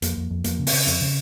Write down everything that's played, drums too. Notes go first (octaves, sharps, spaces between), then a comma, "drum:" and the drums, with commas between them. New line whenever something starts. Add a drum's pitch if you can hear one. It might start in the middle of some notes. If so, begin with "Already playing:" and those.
F2 A#3, drum: hi-hat
F2
F2
F2 A#3, drum: hi-hat
C#3
C4, drum: open hi-hat
C#3
F2 C4, drum: hi-hat
C#3